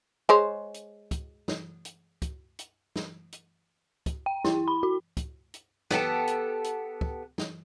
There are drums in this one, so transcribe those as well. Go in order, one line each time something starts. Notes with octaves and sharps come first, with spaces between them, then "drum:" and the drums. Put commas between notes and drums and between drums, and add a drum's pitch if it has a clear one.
G#3 C5 C#5
drum: hi-hat
drum: kick, hi-hat
drum: snare
drum: hi-hat
drum: kick, hi-hat
drum: hi-hat
drum: snare
drum: hi-hat
drum: kick, hi-hat
G5
E4, drum: snare
B5
F#4
drum: kick, hi-hat
drum: hi-hat
B3 G4 A4, drum: snare
drum: hi-hat
drum: hi-hat
drum: kick
drum: snare